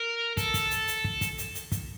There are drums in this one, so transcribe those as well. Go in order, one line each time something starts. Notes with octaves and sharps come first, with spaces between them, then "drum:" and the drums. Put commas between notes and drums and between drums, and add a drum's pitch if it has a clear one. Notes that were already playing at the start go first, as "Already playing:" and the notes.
Already playing: A#4
A4, drum: kick, hi-hat
drum: kick, hi-hat
drum: hi-hat
drum: hi-hat
drum: kick
drum: kick, hi-hat
drum: hi-hat
drum: hi-hat
drum: kick, hi-hat